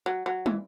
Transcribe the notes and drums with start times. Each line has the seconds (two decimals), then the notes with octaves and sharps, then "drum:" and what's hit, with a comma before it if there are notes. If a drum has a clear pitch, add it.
0.06 F#3
0.26 F#3
0.46 E3, drum: tom